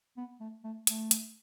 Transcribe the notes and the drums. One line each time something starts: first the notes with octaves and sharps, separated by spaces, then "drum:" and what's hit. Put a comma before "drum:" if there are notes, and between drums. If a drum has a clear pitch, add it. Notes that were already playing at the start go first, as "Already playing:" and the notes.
B3
A3
A3
A3, drum: hi-hat
drum: hi-hat